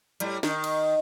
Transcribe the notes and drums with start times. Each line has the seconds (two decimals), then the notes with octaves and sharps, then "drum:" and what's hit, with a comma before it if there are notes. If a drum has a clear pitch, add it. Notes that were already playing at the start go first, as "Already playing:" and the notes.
0.20 A2 G3, drum: hi-hat
0.43 D#3, drum: snare
0.64 drum: cymbal